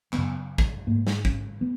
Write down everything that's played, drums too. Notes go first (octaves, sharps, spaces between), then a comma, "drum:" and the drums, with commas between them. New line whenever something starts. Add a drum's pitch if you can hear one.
F#2 C#3 B3, drum: clap
drum: kick
G#2 A#3
drum: snare
C#4, drum: kick
B3